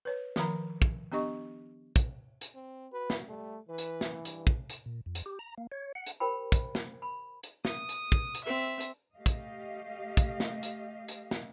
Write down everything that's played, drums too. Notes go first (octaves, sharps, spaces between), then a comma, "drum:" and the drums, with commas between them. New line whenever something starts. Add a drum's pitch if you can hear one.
B4 C#5
D#3 F3 A#4 A#5 B5, drum: snare
drum: kick
B3 D4 G4 D#5 C#6
drum: kick, hi-hat
drum: hi-hat
C4
F#4 B4
drum: snare
G3 A3
E3 B4
drum: hi-hat
drum: snare
G2, drum: hi-hat
drum: kick
drum: hi-hat
A#2
F2
drum: hi-hat
G4
A#5
A#3
C#5
F#5
drum: hi-hat
G4 A#4 C5 G5 B5
drum: kick, hi-hat
drum: snare
B5
drum: hi-hat
D#6, drum: snare
drum: hi-hat
drum: kick
drum: hi-hat
C4 E5
drum: hi-hat
A3 G4 D#5 F5
drum: kick, hi-hat
drum: kick, hi-hat
drum: snare
drum: hi-hat
drum: hi-hat
drum: snare